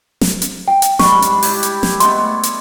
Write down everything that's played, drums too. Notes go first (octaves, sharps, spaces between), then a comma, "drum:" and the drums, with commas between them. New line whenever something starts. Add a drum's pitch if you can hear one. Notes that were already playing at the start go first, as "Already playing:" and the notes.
drum: snare
drum: hi-hat
G5
drum: hi-hat
G#2 G3 D4 C#6, drum: snare
drum: hi-hat
D4 E4 G4, drum: open hi-hat
drum: hi-hat
drum: snare
G#3 A3 B3 C6, drum: hi-hat
drum: hi-hat